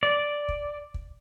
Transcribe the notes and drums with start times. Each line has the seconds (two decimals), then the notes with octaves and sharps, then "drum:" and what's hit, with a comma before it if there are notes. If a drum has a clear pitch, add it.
0.03 D5
0.49 drum: kick
0.94 drum: kick